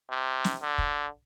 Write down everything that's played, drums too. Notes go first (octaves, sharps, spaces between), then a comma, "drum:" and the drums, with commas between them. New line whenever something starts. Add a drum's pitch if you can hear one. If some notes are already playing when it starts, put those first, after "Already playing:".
C3
drum: snare
D3
drum: kick